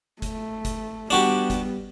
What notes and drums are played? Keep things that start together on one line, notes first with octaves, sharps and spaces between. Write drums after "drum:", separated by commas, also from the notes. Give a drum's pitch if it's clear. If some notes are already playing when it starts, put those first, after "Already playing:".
A3, drum: kick F#1, hi-hat
drum: kick F#1, hi-hat
G3 B3 D4 F#4 G4
drum: kick F#1, hi-hat